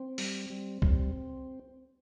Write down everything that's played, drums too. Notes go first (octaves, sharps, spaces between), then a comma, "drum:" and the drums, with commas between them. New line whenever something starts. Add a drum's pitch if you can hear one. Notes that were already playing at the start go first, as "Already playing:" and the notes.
Already playing: C4
G3, drum: open hi-hat
G3
G3, drum: kick C2